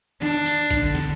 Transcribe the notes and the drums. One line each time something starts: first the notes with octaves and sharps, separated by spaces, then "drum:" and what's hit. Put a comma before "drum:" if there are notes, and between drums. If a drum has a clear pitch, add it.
D4, drum: snare
drum: hi-hat
drum: kick, hi-hat
D3
drum: snare